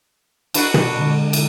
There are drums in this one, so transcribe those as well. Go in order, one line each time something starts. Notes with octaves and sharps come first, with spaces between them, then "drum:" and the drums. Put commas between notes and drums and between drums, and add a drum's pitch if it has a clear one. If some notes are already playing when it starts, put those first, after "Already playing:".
D4 F#4 B4, drum: cymbal
drum: tom
D3 G#3
drum: cymbal